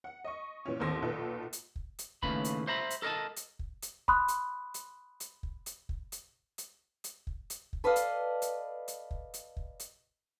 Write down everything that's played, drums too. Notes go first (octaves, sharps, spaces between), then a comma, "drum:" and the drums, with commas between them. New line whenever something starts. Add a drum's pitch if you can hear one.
F#5
D#5 C#6
A#2 E3 C#4
A1 D#2 C4 A4 C6 A#6
B1 A#2 A4 B4
drum: hi-hat
drum: kick
drum: hi-hat
D#2 A2 C#3 A3 B4 B5, drum: kick
drum: hi-hat
C5 E5 A#5 B5
drum: hi-hat
A4 A#4 C#5 D#5 A5
drum: hi-hat
drum: kick
drum: hi-hat
B5 C6 D#6 F#6, drum: kick
drum: hi-hat
drum: hi-hat
drum: hi-hat
drum: kick
drum: hi-hat
drum: kick
drum: hi-hat
drum: hi-hat
drum: hi-hat
drum: kick
drum: hi-hat
drum: kick
A4 B4 D5 D#5 F5
drum: hi-hat
drum: hi-hat
drum: hi-hat
drum: kick
drum: hi-hat
drum: kick
drum: hi-hat